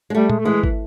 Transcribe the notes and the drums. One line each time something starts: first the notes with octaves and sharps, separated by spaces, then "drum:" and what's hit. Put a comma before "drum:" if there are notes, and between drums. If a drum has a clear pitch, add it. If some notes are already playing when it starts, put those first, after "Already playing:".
G#3
G3 A3
G#3, drum: tom A#2
A3
E3 G#3
drum: kick G#1